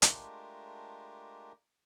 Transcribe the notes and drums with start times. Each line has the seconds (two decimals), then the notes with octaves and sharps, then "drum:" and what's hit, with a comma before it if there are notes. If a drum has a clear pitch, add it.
0.02 G#3 A3 D4 F4 G4 A#4, drum: hi-hat